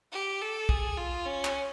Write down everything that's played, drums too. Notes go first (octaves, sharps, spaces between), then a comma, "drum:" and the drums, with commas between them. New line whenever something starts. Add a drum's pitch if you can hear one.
G4
A4
G#4, drum: kick
F4
C#4
drum: clap